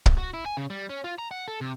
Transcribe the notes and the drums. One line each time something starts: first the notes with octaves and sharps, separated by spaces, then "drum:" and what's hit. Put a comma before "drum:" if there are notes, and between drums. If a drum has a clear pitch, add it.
drum: kick
F#4
E4
G#5
C#3
G3
C#4
F4
A#5
F#5
A4
C3